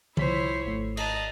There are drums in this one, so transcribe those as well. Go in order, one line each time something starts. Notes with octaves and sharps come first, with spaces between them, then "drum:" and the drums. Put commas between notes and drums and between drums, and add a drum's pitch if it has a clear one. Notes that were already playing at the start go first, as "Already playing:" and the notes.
C2 F3 E4 C5 C#5 B6, drum: tom D3
G#1 A3
D#5 A5 A#5, drum: cymbal